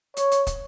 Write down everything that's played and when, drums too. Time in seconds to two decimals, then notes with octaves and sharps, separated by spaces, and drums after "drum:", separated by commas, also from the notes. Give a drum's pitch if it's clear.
0.17 C#5, drum: hi-hat
0.32 drum: hi-hat
0.47 drum: kick, hi-hat